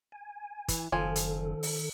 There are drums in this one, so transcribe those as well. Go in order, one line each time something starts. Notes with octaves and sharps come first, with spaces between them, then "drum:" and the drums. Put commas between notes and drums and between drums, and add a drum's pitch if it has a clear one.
G#5
E3, drum: kick, hi-hat
F#1 D#3 F3 A4 G#5
drum: hi-hat
drum: open hi-hat